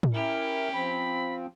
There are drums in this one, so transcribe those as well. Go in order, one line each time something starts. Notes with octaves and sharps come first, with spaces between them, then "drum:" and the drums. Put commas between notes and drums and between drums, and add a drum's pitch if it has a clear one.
drum: tom A2
C#4 E4 G4 A#4
F3 C4 B5